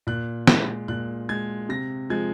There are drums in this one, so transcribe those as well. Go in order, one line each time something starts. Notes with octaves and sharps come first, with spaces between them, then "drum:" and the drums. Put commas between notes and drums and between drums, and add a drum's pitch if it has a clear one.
A#2 F#6
G#3, drum: snare
A#2 F#6
G#3 G#6
C3 A#6
F3 G#3 G#6